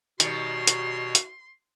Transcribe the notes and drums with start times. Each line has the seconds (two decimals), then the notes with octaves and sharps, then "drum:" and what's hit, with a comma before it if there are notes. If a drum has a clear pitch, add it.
0.20 B2 D#3 G3 F#4 C#5 C6, drum: hi-hat
0.67 drum: hi-hat
1.15 drum: hi-hat